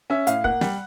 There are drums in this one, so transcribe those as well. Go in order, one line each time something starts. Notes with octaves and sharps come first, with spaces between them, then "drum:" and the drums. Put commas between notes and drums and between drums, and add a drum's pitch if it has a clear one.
C#4 E5
A2 F5, drum: hi-hat
A#3 F#5, drum: kick
G3, drum: snare